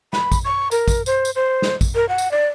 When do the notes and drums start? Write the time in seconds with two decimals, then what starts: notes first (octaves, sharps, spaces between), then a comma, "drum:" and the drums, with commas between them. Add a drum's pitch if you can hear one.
0.13 B5, drum: snare
0.32 drum: kick, tambourine
0.45 C#6
0.71 A#4, drum: tambourine
0.88 drum: kick, tambourine
1.06 C5, drum: tambourine
1.25 drum: tambourine
1.35 C5
1.62 drum: snare
1.81 drum: kick, tambourine
1.95 A#4
2.09 F#5
2.18 drum: tambourine
2.31 D5